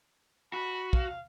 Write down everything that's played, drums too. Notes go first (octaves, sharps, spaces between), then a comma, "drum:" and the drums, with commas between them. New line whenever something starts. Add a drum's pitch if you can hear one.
F#4 B5
F5, drum: kick